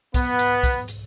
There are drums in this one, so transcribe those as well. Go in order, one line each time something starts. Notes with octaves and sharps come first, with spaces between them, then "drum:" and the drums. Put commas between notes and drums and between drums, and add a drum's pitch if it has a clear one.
B3, drum: kick B1, hi-hat
drum: hi-hat
drum: kick B1, hi-hat
drum: hi-hat